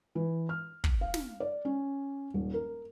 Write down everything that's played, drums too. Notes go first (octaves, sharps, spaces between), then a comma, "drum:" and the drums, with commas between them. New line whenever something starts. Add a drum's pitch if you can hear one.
E3
F6
drum: kick
F5
drum: snare
D5
C#4
D#1
A#4